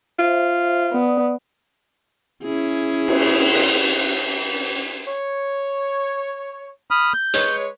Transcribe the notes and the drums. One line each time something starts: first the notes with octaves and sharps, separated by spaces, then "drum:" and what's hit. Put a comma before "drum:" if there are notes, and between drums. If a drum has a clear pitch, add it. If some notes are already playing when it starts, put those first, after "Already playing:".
F4 C5 E5
B3 D5 D#6
C#4 E4 G#4
drum: cymbal
drum: open hi-hat
C#5
B5 D#6 F6
G6
G#3 B4 C#5, drum: hi-hat